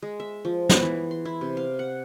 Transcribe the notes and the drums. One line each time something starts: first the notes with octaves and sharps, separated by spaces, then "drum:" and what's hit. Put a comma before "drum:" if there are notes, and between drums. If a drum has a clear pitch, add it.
G#3
E5
F3
B3, drum: snare
E3
C6
E4
C3
F5
F#5